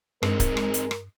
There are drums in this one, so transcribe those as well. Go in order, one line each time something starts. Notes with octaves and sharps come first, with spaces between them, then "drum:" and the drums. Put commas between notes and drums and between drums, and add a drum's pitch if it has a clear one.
G2 G#3 C4 D#4 A#4, drum: rim click
drum: kick C#1, hi-hat
drum: rim click
drum: hi-hat
drum: rim click